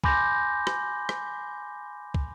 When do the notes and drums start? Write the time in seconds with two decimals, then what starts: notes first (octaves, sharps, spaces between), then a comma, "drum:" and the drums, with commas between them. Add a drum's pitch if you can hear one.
0.04 G#5 B5 C6 D6 G6 A#6, drum: kick
0.67 drum: rim click
1.09 drum: rim click
2.14 drum: kick